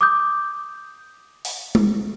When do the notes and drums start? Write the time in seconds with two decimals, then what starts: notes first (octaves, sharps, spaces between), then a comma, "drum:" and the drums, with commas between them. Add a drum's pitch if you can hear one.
0.01 D6 D#6 G6
1.45 drum: open hi-hat
1.75 drum: tom G#3